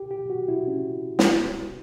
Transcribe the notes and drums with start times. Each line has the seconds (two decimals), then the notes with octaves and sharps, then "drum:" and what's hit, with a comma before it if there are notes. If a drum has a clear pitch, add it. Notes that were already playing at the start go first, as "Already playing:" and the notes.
Already playing: G4
0.11 G4
0.30 F#4
0.48 E4
0.67 C#4
1.19 drum: snare